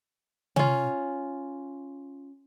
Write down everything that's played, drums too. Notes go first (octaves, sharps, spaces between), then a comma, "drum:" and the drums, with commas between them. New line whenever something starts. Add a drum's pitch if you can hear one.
C#4 F4, drum: tom C3